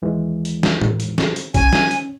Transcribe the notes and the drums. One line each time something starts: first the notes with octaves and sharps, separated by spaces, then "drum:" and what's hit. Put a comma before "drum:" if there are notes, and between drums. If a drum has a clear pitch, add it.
D#2 E3 G#3
drum: hi-hat
drum: snare
drum: tom A2
drum: hi-hat
drum: snare
drum: hi-hat
C#4 G#5, drum: kick B1, hi-hat
drum: snare
drum: hi-hat